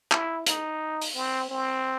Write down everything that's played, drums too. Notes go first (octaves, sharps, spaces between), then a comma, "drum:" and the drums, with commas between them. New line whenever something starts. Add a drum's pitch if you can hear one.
E4, drum: clap
D#4, drum: hi-hat
drum: open hi-hat
C4
C4